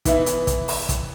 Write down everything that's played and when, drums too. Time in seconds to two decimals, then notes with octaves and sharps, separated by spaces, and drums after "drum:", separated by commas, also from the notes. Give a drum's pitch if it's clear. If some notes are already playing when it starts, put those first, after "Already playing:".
0.05 E3 B3 E4, drum: kick, hi-hat
0.26 drum: hi-hat
0.47 drum: kick, hi-hat
0.68 drum: open hi-hat
0.89 drum: kick, hi-hat